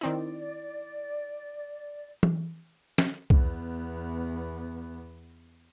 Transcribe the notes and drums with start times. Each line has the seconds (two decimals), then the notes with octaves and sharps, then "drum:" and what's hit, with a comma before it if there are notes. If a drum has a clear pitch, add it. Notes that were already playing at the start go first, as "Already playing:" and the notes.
0.01 D#3 C4 D#4 E4 D5
2.23 drum: tom E3
2.98 drum: snare
3.30 E2 B3, drum: kick C2